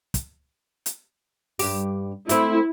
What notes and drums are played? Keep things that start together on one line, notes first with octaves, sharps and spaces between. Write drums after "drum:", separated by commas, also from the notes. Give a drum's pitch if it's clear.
drum: kick, hi-hat
drum: hi-hat
G2 G4, drum: open hi-hat
A3 C4 E4, drum: hi-hat